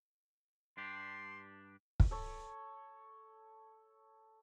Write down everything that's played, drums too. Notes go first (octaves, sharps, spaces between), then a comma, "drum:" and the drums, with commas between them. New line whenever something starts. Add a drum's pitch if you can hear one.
G2 D4 G4 C6
drum: kick
A4 C#5